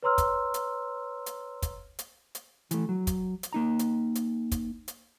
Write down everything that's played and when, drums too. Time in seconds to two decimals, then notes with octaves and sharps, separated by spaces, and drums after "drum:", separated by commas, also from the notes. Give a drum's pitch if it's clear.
0.03 B4 C#5 A#5 C6 E6 F6
0.18 drum: kick, hi-hat
0.54 drum: hi-hat
1.26 drum: hi-hat
1.62 drum: kick, hi-hat
1.99 drum: hi-hat
2.35 drum: hi-hat
2.71 E3 A3, drum: hi-hat
2.89 F#3
3.07 drum: kick, hi-hat
3.43 drum: hi-hat
3.53 A#3 D#4 A#5
3.79 drum: hi-hat
4.15 drum: hi-hat
4.52 drum: kick, hi-hat
4.88 drum: hi-hat